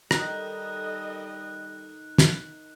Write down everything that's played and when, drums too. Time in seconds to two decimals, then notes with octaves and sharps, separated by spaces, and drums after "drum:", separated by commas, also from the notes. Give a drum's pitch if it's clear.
0.11 D#3 G3 D#4 A4 A#4 D#5 F#6, drum: rim click
2.18 drum: snare